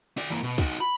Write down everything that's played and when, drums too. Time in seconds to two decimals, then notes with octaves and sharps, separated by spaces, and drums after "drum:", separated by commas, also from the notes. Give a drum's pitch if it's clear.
0.17 F#4 D5, drum: hi-hat
0.30 E3 A#3
0.43 B2
0.58 D#4 F#4, drum: kick, hi-hat
0.81 B5